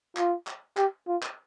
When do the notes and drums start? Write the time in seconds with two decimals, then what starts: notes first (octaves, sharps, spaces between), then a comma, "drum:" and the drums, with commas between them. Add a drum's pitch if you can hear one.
0.17 F4, drum: clap
0.47 drum: clap
0.77 G4, drum: clap
1.08 F4
1.23 drum: clap